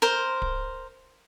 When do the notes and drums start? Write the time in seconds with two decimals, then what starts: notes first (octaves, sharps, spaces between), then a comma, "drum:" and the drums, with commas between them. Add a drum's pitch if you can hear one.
0.02 A#4 C5
0.42 drum: kick D1